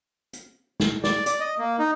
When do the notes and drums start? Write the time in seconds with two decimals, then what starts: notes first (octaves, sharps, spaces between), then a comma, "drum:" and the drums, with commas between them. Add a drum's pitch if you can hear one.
0.33 drum: hi-hat
0.80 drum: snare
1.04 D5, drum: snare
1.26 D5, drum: hi-hat
1.40 D#5
1.59 A#3
1.79 D#4